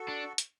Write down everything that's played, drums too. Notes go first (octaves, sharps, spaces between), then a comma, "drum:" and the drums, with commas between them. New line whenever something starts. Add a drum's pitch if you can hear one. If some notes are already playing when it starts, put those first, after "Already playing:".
Already playing: F#4 A4
D4
drum: hi-hat